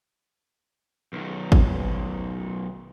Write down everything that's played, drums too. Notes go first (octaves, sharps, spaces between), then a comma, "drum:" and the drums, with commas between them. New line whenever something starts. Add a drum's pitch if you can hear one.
B1 D#3
drum: kick G#1